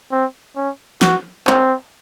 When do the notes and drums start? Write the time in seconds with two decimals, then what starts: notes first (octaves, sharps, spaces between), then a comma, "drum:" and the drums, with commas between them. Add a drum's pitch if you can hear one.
0.12 C4
0.56 C#4
1.02 F#4, drum: snare
1.47 C4, drum: clap